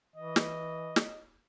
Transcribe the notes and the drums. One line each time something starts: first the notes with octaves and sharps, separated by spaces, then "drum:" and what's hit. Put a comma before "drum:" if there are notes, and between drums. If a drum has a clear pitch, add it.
E3 D#5
drum: snare
drum: snare